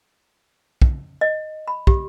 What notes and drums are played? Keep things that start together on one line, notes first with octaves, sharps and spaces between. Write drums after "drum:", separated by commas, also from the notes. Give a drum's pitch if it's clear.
drum: kick
D#5
B5
G4, drum: kick